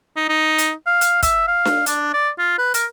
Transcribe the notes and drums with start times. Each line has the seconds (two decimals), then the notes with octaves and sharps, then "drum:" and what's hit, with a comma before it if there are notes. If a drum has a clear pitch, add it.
0.16 D#4
0.29 D#4
0.58 drum: hi-hat
0.87 F5
1.01 drum: hi-hat
1.23 E5, drum: kick, hi-hat
1.47 F5
1.65 drum: snare D4
1.86 D4, drum: hi-hat
2.14 D5
2.38 F4
2.58 B4
2.74 A#4, drum: hi-hat